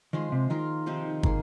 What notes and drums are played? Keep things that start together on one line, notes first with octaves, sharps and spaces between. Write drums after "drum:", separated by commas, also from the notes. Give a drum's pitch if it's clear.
D#3 F3 G#3 F4 G#4
C3
D#3 A#3 F4 A#4
C3 F3 C4 D#4
A#3 G#4, drum: kick